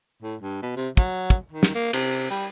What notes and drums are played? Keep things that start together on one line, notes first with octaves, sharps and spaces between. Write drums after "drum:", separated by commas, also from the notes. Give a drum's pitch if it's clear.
A2
G2
B2
C3
F#3, drum: kick
drum: kick
D#3
drum: snare
A#3
C3, drum: cymbal
G3